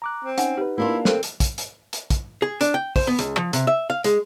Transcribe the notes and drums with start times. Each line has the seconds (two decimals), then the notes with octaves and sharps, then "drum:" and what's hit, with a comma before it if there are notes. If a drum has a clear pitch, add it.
0.02 A#5 D6 F#6
0.25 C4
0.38 C#4 D#4 F#5 G#5, drum: hi-hat
0.57 D#4 G4 B4
0.78 A#3 D4 E4 F4
1.05 C4 A4 A#4 C5, drum: snare
1.23 drum: hi-hat
1.40 drum: kick, hi-hat
1.58 drum: hi-hat
1.93 drum: hi-hat
2.10 drum: kick, hi-hat
2.42 G#4
2.61 D4, drum: hi-hat
2.74 G5
2.96 C5, drum: kick, open hi-hat
3.07 B3
3.19 C#2, drum: hi-hat
3.37 F3
3.53 C3, drum: hi-hat
3.67 E5
3.90 F5
4.04 G#3, drum: hi-hat